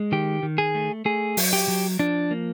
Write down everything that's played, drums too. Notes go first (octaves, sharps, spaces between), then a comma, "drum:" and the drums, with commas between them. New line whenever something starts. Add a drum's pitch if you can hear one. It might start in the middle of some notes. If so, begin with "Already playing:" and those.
Already playing: G#3
D#3 G4
D#3
G#4
A3
A3 G#4
F#3, drum: open hi-hat
G4
F#3
F3 D4
A#3